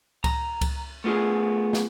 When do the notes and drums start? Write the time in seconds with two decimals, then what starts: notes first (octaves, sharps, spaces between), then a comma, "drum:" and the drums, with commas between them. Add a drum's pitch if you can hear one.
0.24 A#5, drum: kick C#2, cymbal
0.61 drum: kick C#2, cymbal
1.04 A3 B3 F4 G#4
1.73 drum: snare